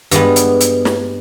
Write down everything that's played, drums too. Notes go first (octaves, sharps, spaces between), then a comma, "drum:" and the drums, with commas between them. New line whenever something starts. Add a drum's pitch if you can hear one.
G2 G3 G#3 B3, drum: hi-hat
drum: hi-hat
drum: hi-hat
drum: snare